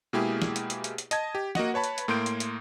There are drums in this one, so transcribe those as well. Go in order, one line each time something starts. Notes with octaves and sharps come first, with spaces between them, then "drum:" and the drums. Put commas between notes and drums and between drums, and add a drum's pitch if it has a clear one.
B2 G#3 A#3 E4 G4 G#4
drum: snare
drum: hi-hat
drum: hi-hat
drum: hi-hat
drum: hi-hat
D#5 A5 G#6, drum: hi-hat
G4
A#3 F#4 D#5 F#5, drum: snare
B4 C#5 A5 B5
drum: hi-hat
drum: hi-hat
A2 A#3 C6 G6 D7
drum: hi-hat
drum: hi-hat